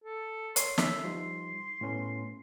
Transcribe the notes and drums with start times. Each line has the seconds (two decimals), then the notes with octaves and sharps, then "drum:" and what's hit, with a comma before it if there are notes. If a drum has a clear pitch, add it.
0.04 A4
0.56 A#4 C#5 C6, drum: hi-hat
0.78 E5, drum: snare
1.04 F3 G3 D#4 C6
1.81 A2 B3 C#4